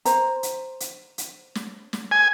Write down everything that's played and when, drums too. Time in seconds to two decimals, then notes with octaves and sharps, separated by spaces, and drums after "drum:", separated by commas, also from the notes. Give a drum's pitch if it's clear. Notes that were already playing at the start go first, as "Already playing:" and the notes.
0.05 C5 A#5, drum: hi-hat
0.43 drum: hi-hat
0.80 drum: hi-hat
1.18 drum: hi-hat
1.55 drum: snare
1.93 drum: snare
2.11 G#5